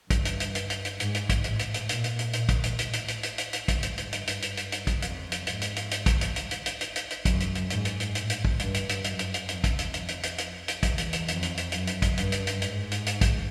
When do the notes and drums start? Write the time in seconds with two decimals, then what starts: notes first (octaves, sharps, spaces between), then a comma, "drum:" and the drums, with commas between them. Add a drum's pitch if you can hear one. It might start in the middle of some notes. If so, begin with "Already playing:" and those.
0.10 G2, drum: kick, hi-hat
0.25 drum: hi-hat
0.40 drum: hi-hat
0.55 drum: hi-hat
0.70 drum: hi-hat
0.85 drum: hi-hat
1.00 G#2, drum: hi-hat
1.15 drum: hi-hat
1.29 drum: kick, hi-hat
1.44 A2, drum: hi-hat
1.59 drum: hi-hat
1.74 drum: hi-hat
1.89 A#2, drum: hi-hat
2.04 drum: hi-hat
2.19 drum: hi-hat
2.33 A#2, drum: hi-hat
2.49 drum: kick, hi-hat
2.64 drum: hi-hat
2.79 A2, drum: hi-hat
2.93 drum: hi-hat
3.08 drum: hi-hat
3.23 drum: hi-hat
3.38 drum: hi-hat
3.53 drum: hi-hat
3.68 G#2, drum: kick, hi-hat
3.83 drum: hi-hat
3.98 drum: hi-hat
4.13 G2, drum: hi-hat
4.27 drum: hi-hat
4.42 drum: hi-hat
4.57 drum: hi-hat
4.72 drum: hi-hat
4.87 drum: kick, hi-hat
5.02 F2, drum: hi-hat
5.32 drum: hi-hat
5.47 G#2, drum: hi-hat
5.62 drum: hi-hat
5.76 drum: hi-hat
5.91 drum: hi-hat
6.06 drum: kick, hi-hat
6.21 drum: hi-hat
6.36 drum: hi-hat
6.51 drum: hi-hat
6.66 drum: hi-hat
6.81 drum: hi-hat
6.96 drum: hi-hat
7.10 drum: hi-hat
7.25 F#2, drum: kick, hi-hat
7.40 drum: hi-hat
7.55 drum: hi-hat
7.70 G#2, drum: hi-hat
7.85 drum: hi-hat
8.00 drum: hi-hat
8.15 A2, drum: hi-hat
8.30 drum: hi-hat
8.45 drum: kick
8.59 G2, drum: hi-hat
8.74 drum: hi-hat
8.89 drum: hi-hat
9.04 F#2, drum: hi-hat
9.19 drum: hi-hat
9.34 drum: hi-hat
9.49 F2, drum: hi-hat
9.64 drum: kick, hi-hat
9.79 drum: hi-hat
9.94 F2, drum: hi-hat
10.08 drum: hi-hat
10.23 drum: hi-hat
10.38 drum: hi-hat
10.68 drum: hi-hat
10.83 E2, drum: kick, hi-hat
10.98 drum: hi-hat
11.13 drum: hi-hat
11.28 F2, drum: hi-hat
11.43 drum: hi-hat
11.57 drum: hi-hat
11.72 F#2, drum: hi-hat
11.87 drum: hi-hat
12.02 drum: kick, hi-hat
12.18 G2, drum: hi-hat
12.32 drum: hi-hat
12.47 drum: hi-hat
12.62 G#2, drum: hi-hat
12.92 drum: hi-hat
13.06 drum: hi-hat
13.21 drum: kick, hi-hat